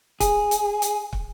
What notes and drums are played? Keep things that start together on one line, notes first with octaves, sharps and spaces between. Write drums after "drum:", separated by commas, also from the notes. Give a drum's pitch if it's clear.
G#4, drum: kick, hi-hat
drum: hi-hat
drum: hi-hat
drum: kick